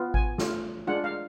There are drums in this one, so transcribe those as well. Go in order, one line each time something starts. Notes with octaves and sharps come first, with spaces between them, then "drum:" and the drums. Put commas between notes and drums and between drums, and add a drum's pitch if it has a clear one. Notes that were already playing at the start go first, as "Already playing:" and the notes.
Already playing: B3 F4
G#5, drum: kick G#1
A3 F4, drum: snare
G#3 D4 F4 F#5
F5